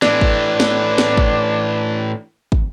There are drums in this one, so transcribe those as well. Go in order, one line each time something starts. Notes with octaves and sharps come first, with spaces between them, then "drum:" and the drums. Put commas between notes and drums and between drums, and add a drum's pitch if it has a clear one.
A2 E3 D4, drum: snare
drum: kick
drum: snare
drum: snare
drum: kick
drum: kick